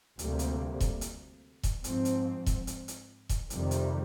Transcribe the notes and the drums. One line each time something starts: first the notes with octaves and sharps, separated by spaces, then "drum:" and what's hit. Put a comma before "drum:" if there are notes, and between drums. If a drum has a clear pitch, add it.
D2 C3 G3 A#3, drum: hi-hat
drum: hi-hat
drum: kick E1, hi-hat
drum: hi-hat
drum: kick E1, hi-hat
G#2 F3 C4, drum: hi-hat
drum: hi-hat
drum: kick E1, hi-hat
drum: hi-hat
drum: hi-hat
drum: kick E1, hi-hat
F2 C3 D#3 G3, drum: hi-hat
drum: hi-hat